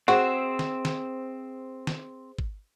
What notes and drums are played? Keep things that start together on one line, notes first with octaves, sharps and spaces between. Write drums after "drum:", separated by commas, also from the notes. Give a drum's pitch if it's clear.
C4 F#4 G#4 C5 E5
drum: snare
drum: snare
drum: snare
drum: kick